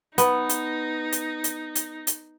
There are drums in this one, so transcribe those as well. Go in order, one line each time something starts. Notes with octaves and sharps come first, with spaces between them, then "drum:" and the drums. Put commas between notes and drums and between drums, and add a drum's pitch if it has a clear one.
B3 D#4, drum: hi-hat
drum: hi-hat
drum: hi-hat
drum: hi-hat
drum: hi-hat
drum: hi-hat